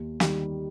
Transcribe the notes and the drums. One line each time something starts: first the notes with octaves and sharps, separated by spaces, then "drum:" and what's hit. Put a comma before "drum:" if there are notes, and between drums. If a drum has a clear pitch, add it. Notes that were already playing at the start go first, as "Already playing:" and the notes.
Already playing: D#2
D#3 G3, drum: snare